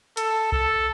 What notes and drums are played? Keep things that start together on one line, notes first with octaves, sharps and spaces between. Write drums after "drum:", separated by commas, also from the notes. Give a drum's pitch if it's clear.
A4, drum: hi-hat
A4, drum: kick C2